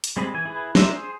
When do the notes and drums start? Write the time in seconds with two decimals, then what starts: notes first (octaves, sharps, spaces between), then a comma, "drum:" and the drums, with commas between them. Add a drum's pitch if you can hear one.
0.04 drum: hi-hat
0.17 G3 G#3 C4 G#4 B5
0.34 E3 G#5
0.45 E4 G#4 B4
0.75 D4 D#4 A#4 C5 E5, drum: snare
0.93 G#4 C5